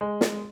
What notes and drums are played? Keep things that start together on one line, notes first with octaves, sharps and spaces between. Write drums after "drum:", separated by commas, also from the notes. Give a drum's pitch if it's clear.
G#3
drum: snare